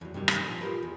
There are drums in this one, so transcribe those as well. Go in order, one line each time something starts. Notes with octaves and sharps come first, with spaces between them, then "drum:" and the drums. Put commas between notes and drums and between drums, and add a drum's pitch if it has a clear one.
E2 F#3
G2 C3 D#3 G3
drum: rim click
A#2 F3
F4 G4 A#4 B4
E2